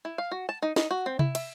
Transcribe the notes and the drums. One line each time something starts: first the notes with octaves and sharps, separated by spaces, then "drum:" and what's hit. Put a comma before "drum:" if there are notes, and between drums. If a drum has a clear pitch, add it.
E4
F5
F#4
A5
D#4
D#4, drum: snare
F#4
C4
E4, drum: tom C3
E5, drum: cymbal